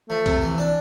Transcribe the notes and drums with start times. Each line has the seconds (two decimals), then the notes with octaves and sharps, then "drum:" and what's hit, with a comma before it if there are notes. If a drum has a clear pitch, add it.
0.09 F3 A3
0.26 C3, drum: kick B1, cymbal
0.42 E3
0.58 D4